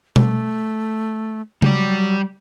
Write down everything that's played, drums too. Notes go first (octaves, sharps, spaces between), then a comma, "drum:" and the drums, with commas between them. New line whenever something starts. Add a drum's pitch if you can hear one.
A3, drum: tom B2
F#3 G3 D5, drum: tom C#3